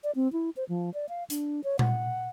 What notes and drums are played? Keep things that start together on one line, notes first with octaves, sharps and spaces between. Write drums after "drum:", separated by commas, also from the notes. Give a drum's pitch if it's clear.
D5
C4
E4
C5
F3
D5
F5
D4, drum: hi-hat
C#5
F#5, drum: tom A#2